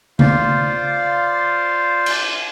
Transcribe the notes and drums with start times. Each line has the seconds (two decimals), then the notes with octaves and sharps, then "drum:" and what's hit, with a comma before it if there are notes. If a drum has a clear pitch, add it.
0.19 F4 C5 D5 F5, drum: tom C#3
2.06 drum: cymbal